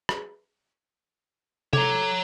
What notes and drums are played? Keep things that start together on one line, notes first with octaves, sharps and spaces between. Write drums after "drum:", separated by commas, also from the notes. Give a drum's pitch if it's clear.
drum: rim click
A4 C#5 A#5 D6 G#6, drum: tom C3